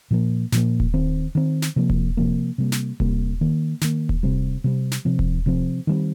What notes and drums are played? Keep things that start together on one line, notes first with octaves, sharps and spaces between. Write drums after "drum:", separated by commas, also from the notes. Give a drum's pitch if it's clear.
A#2 F3 A#3
A#2 F3 A#3, drum: snare
drum: kick D#1
D#3 C4
D#3 C4
drum: snare
C3 F3 A#3
drum: kick D#1
C3 F3 A#3
C3 G3 A#3
drum: snare
C3 G3 A#3, drum: kick D#1
D#3 A#3
D#3 A#3, drum: snare
drum: kick D#1
C3 G3 C4
C3 G3 C4
drum: snare
C3 F3 C4
drum: kick D#1
C3 F3 C4
D#3 G3 C4